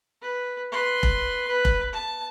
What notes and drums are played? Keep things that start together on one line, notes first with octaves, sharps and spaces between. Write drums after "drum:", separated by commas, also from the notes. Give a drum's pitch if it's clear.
B4
B4 C6
drum: kick F1
B4
drum: kick F1
A5